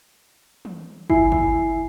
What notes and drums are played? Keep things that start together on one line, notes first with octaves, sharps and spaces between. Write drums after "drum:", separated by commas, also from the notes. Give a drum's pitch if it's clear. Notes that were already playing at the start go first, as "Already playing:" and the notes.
drum: tom
E4 G#5 C7, drum: kick
drum: kick